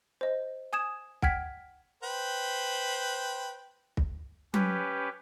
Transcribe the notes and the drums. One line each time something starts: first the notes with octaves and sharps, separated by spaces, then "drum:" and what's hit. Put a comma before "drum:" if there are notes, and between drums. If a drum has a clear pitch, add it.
C5 D#5
G#5 D#6 G#6 E7
F#5 G5 F6 G#6 B6 D7, drum: kick
B4 C5 G5
drum: kick
C#4 G4 B4, drum: tom F#3